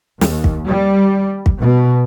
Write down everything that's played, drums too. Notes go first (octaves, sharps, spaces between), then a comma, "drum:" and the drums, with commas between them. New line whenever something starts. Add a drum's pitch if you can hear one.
D#2, drum: snare
drum: kick
G3
drum: kick
B2